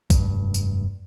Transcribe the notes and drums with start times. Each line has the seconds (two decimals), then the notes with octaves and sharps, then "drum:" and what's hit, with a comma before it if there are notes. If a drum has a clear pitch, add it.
0.10 F1 G2, drum: kick B1, tambourine
0.54 drum: tambourine